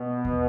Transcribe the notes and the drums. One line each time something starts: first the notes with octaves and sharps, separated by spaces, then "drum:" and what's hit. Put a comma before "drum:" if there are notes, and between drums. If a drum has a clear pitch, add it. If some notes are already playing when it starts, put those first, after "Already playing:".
Already playing: B2
drum: kick D#2